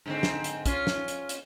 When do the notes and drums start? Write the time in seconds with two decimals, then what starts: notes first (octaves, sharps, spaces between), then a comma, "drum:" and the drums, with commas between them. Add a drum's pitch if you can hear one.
0.06 G#2 D3 C4
0.23 drum: snare
0.44 drum: hi-hat
0.66 C#4 F4, drum: kick, hi-hat
0.87 drum: snare
1.08 drum: hi-hat
1.29 drum: hi-hat